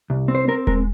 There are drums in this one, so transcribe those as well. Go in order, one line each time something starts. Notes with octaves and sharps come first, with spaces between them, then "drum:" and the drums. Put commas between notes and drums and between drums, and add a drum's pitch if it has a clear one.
C2
C4
C5
C4 A#4
G#3 A#4, drum: kick D#1